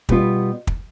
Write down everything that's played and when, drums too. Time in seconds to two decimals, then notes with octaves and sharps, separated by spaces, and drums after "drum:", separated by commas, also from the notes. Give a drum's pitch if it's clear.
0.09 B2 G3 B3 F4, drum: kick
0.67 drum: kick